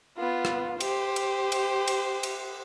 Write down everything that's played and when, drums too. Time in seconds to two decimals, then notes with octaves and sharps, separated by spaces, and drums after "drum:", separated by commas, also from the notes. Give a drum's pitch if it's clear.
0.17 B3 F4
0.45 drum: rim click
0.80 G4 C5, drum: cymbal
1.16 drum: cymbal
1.52 drum: cymbal
1.88 drum: cymbal
2.23 drum: cymbal